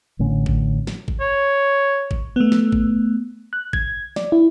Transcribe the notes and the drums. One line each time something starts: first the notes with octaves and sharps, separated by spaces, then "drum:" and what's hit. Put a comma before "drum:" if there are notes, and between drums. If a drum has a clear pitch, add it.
A1 A2 D3 C#4
drum: kick G#1
drum: snare
drum: kick G#1
C#5
drum: kick G#1
A3 B3
drum: snare
drum: kick G#1
F#6
G#6, drum: kick G#1
D5, drum: snare
E4